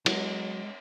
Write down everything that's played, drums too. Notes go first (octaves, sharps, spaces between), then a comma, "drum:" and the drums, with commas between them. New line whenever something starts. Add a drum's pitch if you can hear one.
F#3 G#3, drum: cymbal